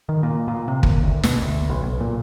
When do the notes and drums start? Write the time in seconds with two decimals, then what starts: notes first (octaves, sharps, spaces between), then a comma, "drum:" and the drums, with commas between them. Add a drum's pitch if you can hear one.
0.09 D#3
0.23 A#2
0.48 A#2
0.68 C3
0.83 D#2, drum: kick
1.03 D2
1.23 B2, drum: snare
1.42 D2
1.69 B1
1.83 B1
2.00 A#2